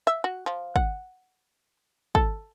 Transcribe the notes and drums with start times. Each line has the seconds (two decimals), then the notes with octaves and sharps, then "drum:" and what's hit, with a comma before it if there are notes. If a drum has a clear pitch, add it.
0.07 E5
0.24 F#4
0.46 F3
0.76 F#5, drum: kick
2.15 A4, drum: kick